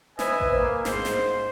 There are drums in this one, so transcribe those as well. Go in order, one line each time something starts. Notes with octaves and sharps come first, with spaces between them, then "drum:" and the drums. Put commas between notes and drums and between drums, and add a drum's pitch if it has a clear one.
B4 C5 D#5 E5 G#5, drum: snare
drum: kick A1
A#3
G#2 C5, drum: snare
drum: snare